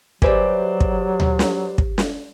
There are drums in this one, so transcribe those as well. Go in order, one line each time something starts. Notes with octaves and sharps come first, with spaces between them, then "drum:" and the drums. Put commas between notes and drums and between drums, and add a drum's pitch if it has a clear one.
F#3 G4 G#4 B4 C5 D5 E5, drum: kick
drum: kick
drum: tom D2
drum: snare
drum: kick
drum: snare